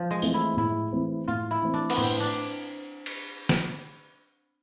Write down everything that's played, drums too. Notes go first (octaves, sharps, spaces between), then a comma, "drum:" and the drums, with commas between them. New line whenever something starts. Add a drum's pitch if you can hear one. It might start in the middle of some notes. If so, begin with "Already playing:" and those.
Already playing: F3
G#3
E3 A3 C4, drum: tambourine
E4
A2 E4
E3 A3 C4
A2 F4
E4
E3 A3 C4
D4
B3, drum: cymbal
A2 C4
D4
drum: cymbal
drum: snare